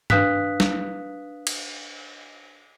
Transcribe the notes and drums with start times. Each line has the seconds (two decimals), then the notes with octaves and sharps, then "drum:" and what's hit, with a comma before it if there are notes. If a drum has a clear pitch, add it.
0.10 D4 B4 F5 D#6 F#6 B6, drum: tom G2
0.60 drum: snare
1.47 drum: cymbal